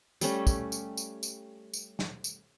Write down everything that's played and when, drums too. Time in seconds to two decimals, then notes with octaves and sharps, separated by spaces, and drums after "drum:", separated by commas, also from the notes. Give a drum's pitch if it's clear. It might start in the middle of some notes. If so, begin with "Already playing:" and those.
0.21 G3 A3 C#4, drum: tambourine
0.47 drum: kick, tambourine
0.72 drum: tambourine
0.97 drum: tambourine
1.23 drum: tambourine
1.73 drum: tambourine
1.99 drum: snare
2.24 drum: tambourine